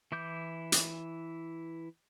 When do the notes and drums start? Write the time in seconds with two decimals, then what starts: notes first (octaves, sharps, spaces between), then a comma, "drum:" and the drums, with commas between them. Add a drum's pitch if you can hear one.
0.12 E3 E4 D6 G6
0.72 drum: hi-hat